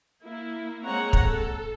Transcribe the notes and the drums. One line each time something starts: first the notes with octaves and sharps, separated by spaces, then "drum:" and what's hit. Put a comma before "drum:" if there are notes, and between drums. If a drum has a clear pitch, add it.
A#3 E4
G#3 A#3 C4 C#5 F#5 A#5
drum: kick
A4